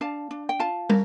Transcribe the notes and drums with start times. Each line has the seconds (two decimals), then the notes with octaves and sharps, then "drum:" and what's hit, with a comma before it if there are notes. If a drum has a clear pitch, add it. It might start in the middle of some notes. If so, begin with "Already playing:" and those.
0.01 D4 F5 A5
0.31 D4
0.49 G5
0.59 F4 F5 A5
0.90 A#4, drum: tom